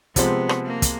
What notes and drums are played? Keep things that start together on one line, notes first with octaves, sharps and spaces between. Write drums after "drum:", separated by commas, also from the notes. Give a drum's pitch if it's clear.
C3 F3 G#3 B3 C4, drum: kick, hi-hat
drum: rim click
A#3
drum: kick, hi-hat